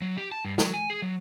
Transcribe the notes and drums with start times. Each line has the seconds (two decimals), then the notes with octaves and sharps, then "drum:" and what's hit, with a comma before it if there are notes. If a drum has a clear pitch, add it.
0.02 F#3
0.17 G4
0.32 A5
0.45 G2
0.58 F#3, drum: snare
0.74 G#5
0.90 G#4
1.02 F#3